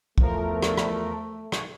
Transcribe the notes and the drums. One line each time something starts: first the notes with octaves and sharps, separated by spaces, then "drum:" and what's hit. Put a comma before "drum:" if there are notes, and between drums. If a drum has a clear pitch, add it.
E2 F3 A3 A#4, drum: kick
drum: rim click
drum: rim click
drum: rim click